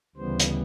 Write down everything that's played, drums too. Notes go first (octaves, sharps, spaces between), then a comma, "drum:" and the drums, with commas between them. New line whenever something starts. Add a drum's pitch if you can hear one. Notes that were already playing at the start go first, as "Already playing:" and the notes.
D2 C#3 E3 G3 B3 C5
drum: hi-hat